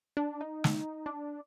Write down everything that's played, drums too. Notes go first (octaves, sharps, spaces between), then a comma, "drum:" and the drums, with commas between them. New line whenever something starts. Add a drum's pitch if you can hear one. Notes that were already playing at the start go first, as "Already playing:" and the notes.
D4
D#4
drum: snare
D4